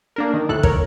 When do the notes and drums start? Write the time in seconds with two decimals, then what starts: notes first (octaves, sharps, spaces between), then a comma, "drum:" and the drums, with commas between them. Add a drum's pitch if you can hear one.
0.16 A#3 D4 A#4
0.34 D#3
0.49 D2 A2 A4 F#6
0.63 A#4 C#5, drum: kick